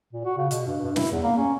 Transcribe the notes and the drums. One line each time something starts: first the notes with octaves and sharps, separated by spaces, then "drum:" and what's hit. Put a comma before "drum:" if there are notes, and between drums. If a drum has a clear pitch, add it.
A#2
F#4
C#3
B2, drum: hi-hat
G2
G2
E4, drum: snare
E2
A#3
C#4